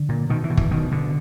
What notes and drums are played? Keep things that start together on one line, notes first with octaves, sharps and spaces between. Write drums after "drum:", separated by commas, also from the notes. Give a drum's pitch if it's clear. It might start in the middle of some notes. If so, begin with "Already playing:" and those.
Already playing: D3
A#2
B2 D#3
E3
B2
E3, drum: kick
B2 D#3
B2 D3